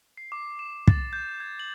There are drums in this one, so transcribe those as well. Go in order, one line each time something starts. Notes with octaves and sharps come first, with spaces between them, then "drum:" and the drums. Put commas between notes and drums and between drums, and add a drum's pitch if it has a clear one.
C7
D6
E7
A6, drum: kick
G6
G#6
F#7